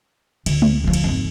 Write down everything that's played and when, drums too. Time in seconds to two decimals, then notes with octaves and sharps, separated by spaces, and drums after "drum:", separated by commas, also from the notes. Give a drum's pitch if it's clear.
0.46 D2, drum: cymbal
0.62 drum: tom G#3
0.84 D2 F3
0.94 drum: cymbal
1.04 G#1 F2